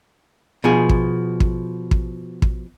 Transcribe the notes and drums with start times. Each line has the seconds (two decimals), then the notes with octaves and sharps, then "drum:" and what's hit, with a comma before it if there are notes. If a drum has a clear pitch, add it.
0.64 B2 F3 G#4
0.89 drum: kick
1.40 drum: kick
1.91 drum: kick
2.42 drum: kick